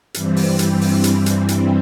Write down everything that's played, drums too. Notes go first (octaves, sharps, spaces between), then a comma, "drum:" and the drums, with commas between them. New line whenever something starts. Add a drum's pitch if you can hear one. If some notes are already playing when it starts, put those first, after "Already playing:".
G2 E3 G3 C4, drum: hi-hat
drum: open hi-hat
drum: hi-hat
drum: open hi-hat
drum: hi-hat
drum: hi-hat
drum: hi-hat